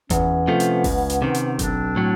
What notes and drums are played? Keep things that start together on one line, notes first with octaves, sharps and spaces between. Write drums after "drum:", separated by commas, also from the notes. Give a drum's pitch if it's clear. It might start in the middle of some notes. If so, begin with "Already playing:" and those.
E2 B3 C#4, drum: kick F#1, hi-hat
C3 F3 A3
drum: hi-hat
C#2, drum: kick F#1, open hi-hat
drum: hi-hat
C3 D#3
drum: hi-hat
B1 C4 D4, drum: kick F#1, hi-hat
A2 F#3